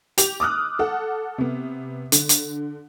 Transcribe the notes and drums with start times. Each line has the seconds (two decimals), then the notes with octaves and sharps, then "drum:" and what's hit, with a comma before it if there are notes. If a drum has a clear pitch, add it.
0.18 G4 F7, drum: hi-hat
0.40 D6 D#6 F6 F#6
0.79 A4 F#5
1.38 C3 B3
2.12 D3, drum: hi-hat
2.29 drum: hi-hat